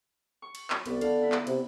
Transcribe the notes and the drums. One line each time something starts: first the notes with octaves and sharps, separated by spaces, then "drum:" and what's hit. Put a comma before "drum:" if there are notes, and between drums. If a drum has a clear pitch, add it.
C#6
drum: cymbal
drum: clap
C2 B3 D5, drum: cymbal
D3 F5, drum: cymbal
B3 E4
drum: clap
C3, drum: cymbal